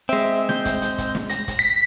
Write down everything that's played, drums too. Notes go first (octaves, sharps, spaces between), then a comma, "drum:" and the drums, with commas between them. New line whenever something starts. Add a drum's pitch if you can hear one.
G#3 C4 E5
G6, drum: snare
drum: kick, hi-hat
drum: hi-hat
drum: kick, hi-hat
drum: snare
A#6, drum: hi-hat
drum: kick, hi-hat
B6